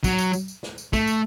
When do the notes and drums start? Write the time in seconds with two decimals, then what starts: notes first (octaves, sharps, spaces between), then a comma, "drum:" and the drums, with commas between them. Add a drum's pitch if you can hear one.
0.04 F#3, drum: kick, tambourine
0.18 drum: tambourine
0.33 drum: tambourine
0.48 drum: tambourine
0.63 drum: snare
0.78 drum: tambourine
0.93 A3, drum: kick, tambourine
1.07 drum: tambourine